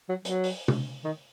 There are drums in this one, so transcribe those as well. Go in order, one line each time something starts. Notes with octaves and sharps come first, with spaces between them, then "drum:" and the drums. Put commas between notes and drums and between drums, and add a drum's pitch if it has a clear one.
F#3
F#3, drum: hi-hat
drum: open hi-hat
drum: tom C3
D#3